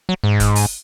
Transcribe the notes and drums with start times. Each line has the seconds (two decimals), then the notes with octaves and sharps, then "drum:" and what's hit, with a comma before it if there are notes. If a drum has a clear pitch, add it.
0.09 F#3
0.24 G#2
0.40 drum: kick, hi-hat
0.55 drum: open hi-hat